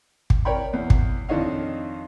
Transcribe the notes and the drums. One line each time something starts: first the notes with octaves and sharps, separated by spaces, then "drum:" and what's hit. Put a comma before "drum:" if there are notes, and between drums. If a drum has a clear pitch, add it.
drum: kick
A#4 C#5 D5 G5 B5
E2
drum: kick
F2 D#3 D4 C#5 D#5 F5